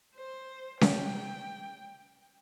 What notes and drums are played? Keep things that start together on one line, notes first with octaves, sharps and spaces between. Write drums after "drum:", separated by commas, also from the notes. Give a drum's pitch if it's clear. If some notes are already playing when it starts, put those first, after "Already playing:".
C5
G5, drum: snare C#4